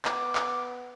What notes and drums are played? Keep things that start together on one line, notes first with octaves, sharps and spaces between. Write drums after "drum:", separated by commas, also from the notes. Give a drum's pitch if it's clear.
B3 D6, drum: clap
drum: clap